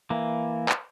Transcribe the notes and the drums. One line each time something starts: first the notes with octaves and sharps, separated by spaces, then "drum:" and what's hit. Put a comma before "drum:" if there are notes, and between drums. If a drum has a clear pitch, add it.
E3 A#3
drum: clap